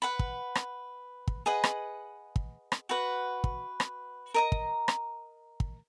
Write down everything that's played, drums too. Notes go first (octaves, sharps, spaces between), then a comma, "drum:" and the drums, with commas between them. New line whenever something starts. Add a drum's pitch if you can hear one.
B4 F#5 B5
drum: kick
drum: rim click
drum: kick
G#4 B4 D#5 F#5
drum: rim click
drum: kick
drum: rim click
F#4 B4 F#5
drum: kick
drum: rim click
A#4 D#5 A#5
drum: kick
drum: rim click
drum: kick